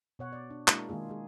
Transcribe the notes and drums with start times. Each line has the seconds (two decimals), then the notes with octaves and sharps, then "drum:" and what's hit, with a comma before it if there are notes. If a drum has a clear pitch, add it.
0.19 B2 C#5 F#5
0.33 D5
0.50 D4
0.68 G#3 A#3 D4 E4 F#4 A#4, drum: clap
0.89 D#3 G#3 A#3 F4 G#4
1.09 G#3 G#4